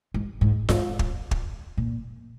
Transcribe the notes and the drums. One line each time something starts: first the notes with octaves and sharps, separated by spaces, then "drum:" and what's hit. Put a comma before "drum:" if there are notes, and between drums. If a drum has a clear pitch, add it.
G#2
G#2
G#2, drum: snare F4
drum: kick
drum: kick
A#2